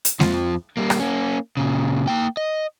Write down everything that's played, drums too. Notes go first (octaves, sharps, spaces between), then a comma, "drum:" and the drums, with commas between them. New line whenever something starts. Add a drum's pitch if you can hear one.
drum: hi-hat
F2 F3, drum: snare G#3
G3 A#3
drum: rim click
A#3 C#4
A#2 C#3
A#3 G5
D#5